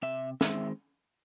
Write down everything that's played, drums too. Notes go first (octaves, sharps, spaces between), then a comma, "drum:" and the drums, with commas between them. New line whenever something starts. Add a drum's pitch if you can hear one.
C3 E5
D#3 G#3 C4 E5, drum: snare